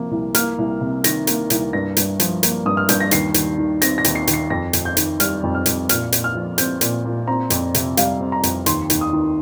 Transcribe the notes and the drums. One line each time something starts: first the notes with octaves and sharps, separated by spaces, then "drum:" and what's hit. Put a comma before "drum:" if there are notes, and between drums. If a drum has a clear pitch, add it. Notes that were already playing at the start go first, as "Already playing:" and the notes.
Already playing: C3 F3 A#3
C2
A#3 F6, drum: hi-hat
C2
C3
D#3 A#6, drum: hi-hat
A#3, drum: hi-hat
C2, drum: hi-hat
G2 A#6
G2, drum: hi-hat
F3, drum: hi-hat
A#3, drum: hi-hat
G2 D#6
F6
G2 G6, drum: hi-hat
A#6
D#2 C7, drum: hi-hat
D#2, drum: hi-hat
D#3
C4 A#6, drum: hi-hat
A#6
D#2, drum: hi-hat
C7
D#2, drum: hi-hat
C7
F2 A#6
F2, drum: hi-hat
G6
D#3, drum: hi-hat
G3 F6, drum: hi-hat
F2
F6
F2, drum: hi-hat
A#2 F6, drum: hi-hat
A#2, drum: hi-hat
F6
F3
C4 G6, drum: hi-hat
A#2, drum: hi-hat
A#2
C4 A#5
F2, drum: hi-hat
C3, drum: hi-hat
G3 F5, drum: hi-hat
C4
A#5
F2, drum: hi-hat
D#2 C6, drum: hi-hat
D#2, drum: hi-hat
D#6
D#3